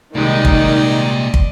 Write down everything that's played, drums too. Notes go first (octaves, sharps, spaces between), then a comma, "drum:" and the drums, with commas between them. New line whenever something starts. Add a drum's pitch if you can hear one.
C2 A#2 D#3 G#3 D#4 G4 D5 D#5
drum: kick
drum: kick